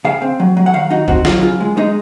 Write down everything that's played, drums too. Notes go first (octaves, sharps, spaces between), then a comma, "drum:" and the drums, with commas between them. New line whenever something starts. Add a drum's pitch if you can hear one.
C#3 F5
C4
F#3
F#3
F#5
D#3 F5
D#4 F#4
C4 F#4, drum: kick
F#3 F4, drum: snare
C#3 F4
G#3
G#3 D#4